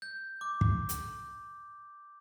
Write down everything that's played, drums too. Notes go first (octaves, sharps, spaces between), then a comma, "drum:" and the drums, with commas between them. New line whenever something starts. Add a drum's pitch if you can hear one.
G6
D6
drum: kick
drum: hi-hat